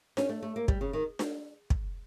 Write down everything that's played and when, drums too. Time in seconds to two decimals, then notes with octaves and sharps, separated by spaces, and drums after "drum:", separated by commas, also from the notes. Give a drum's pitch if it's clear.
0.17 C#4, drum: snare D4
0.29 A3
0.43 A3
0.56 A#3
0.68 G3, drum: kick
0.81 C#3
0.93 D#3
1.19 drum: snare D4
1.70 drum: kick